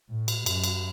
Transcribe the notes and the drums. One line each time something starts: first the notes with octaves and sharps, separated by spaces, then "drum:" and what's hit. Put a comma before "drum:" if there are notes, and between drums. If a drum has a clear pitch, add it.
A2
drum: cymbal
F#2, drum: cymbal
drum: cymbal